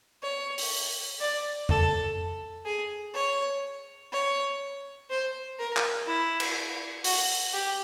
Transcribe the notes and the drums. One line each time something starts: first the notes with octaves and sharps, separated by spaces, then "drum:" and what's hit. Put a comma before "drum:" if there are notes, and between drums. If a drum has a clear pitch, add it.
C#5
drum: open hi-hat
D5
A4, drum: tom F2
G#4
C#5
C#5
C5
A#4
drum: clap
E4
drum: cymbal
F#4, drum: open hi-hat
G4